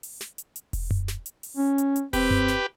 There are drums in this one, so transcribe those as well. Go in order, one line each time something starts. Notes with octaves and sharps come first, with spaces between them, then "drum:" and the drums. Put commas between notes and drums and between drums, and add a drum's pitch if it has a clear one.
drum: open hi-hat
drum: snare
drum: hi-hat
drum: hi-hat
drum: kick E1, open hi-hat
drum: tom F#2
drum: snare
drum: hi-hat
drum: open hi-hat
C#4
drum: hi-hat
drum: hi-hat
C4 G4 B4, drum: kick E1, open hi-hat
drum: tom F#2
drum: snare